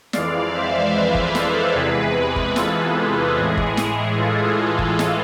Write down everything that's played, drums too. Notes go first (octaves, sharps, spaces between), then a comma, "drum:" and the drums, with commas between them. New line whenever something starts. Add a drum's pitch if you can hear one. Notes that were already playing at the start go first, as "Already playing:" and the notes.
F2 E3 G#3 D5 F5, drum: snare
C5 E5
B4 D5
drum: kick
A4 C5, drum: snare
E2 C3 E3 G#3 G#4 B4
drum: kick
F4 A4, drum: snare
G#4
A2 E3 G#3 G#4
drum: kick
G#4, drum: snare
F4 A4
drum: kick
drum: snare